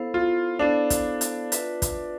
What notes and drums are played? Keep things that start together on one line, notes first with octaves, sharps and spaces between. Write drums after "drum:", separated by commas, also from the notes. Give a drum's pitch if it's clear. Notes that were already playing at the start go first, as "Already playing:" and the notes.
Already playing: B3 E4 A4 C5 F5
F4
B3 D4 E4 A4 C5 F5
drum: kick, hi-hat
drum: hi-hat
F4 B4 E5, drum: hi-hat
drum: kick, hi-hat